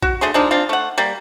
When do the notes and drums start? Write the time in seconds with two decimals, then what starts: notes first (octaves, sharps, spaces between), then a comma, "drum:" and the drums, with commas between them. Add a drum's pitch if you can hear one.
0.02 F#4, drum: kick A#1
0.21 D3 A3 G#4 C6
0.34 F3 G#3 D4 D#4
0.51 C4 D4 F4
0.69 A3 F#5
0.98 G3 A#3